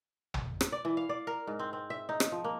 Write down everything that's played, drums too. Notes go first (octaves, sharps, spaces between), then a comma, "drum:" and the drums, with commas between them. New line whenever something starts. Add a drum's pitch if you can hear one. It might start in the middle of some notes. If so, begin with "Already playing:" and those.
drum: tom
drum: rim click
D5
E3
F5
D5
A#4
G#2
C4
C4
E5
D#4
drum: rim click
F3
A#3